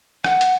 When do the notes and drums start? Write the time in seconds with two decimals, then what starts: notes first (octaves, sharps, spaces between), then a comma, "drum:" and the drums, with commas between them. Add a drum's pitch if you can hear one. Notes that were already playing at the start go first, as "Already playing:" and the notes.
0.24 F#5, drum: rim click
0.41 drum: hi-hat